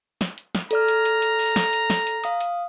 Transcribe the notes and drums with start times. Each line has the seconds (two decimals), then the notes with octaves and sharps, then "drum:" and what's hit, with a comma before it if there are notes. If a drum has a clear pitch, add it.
0.21 drum: snare
0.38 drum: hi-hat
0.55 drum: snare
0.71 A4 D5 A#5 F6, drum: hi-hat
0.88 drum: hi-hat
1.05 drum: hi-hat
1.22 drum: hi-hat
1.39 drum: open hi-hat
1.56 drum: snare
1.73 drum: hi-hat
1.90 drum: snare
2.07 drum: hi-hat
2.24 F5 D#6, drum: hi-hat
2.41 drum: hi-hat